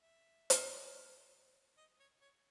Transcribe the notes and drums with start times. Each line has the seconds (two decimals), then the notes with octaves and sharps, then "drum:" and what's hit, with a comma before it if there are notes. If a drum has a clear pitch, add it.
0.02 E5
0.50 drum: hi-hat
1.77 D#5
2.00 C#5
2.22 C#5